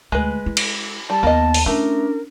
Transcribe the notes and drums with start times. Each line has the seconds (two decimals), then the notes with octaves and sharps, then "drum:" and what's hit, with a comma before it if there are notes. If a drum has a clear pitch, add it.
0.12 D2 G#3 B4
0.46 E4
0.57 drum: cymbal
1.10 G3 A5
1.23 D#2 A#3 B3 D#5
1.54 drum: open hi-hat
1.66 A3 C#4 D4 E4 A#4